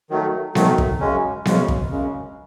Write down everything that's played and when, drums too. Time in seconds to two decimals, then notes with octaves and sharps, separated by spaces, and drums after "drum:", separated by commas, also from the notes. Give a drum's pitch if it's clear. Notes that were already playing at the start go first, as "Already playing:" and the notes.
0.10 D#3 F#3 A3
0.55 D#3 F#3 A3, drum: snare B3
0.78 drum: kick
1.00 F#2 C#3 G#3 C#4
1.45 F#2 C#3 G#3 C#4, drum: snare B3
1.68 drum: kick
1.91 F#2 C#3 G#3 C#4